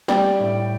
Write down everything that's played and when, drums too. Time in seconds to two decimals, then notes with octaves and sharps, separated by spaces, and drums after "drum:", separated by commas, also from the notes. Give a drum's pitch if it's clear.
0.08 G3 D5 G5, drum: snare
0.40 A2